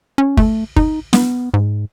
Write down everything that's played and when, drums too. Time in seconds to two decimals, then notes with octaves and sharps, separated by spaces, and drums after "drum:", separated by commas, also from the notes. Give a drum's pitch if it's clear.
0.18 C#4
0.37 A3, drum: kick
0.76 D#4, drum: kick
1.13 B3, drum: snare
1.54 G#2